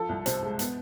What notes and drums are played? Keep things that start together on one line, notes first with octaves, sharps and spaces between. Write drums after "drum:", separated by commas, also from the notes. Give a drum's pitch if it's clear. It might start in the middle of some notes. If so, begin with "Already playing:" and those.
Already playing: F3 A4
C2
C3 C5, drum: hi-hat
G#3
B3, drum: hi-hat